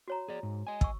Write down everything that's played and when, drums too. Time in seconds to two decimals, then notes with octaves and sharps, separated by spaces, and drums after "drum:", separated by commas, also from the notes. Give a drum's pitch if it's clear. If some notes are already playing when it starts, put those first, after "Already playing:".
0.08 F#4 C#5 A#5
0.28 G#4 D5
0.43 G#2
0.67 D#5 G#5
0.81 C#6 E6, drum: kick